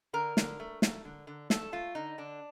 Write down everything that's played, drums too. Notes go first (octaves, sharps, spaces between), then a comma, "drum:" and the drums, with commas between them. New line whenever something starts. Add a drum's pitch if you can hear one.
D3 A#4
D3, drum: snare
A3
A3, drum: snare
D3
D3
A3 A4, drum: snare
A3 F4
D3 D#4
D3 D4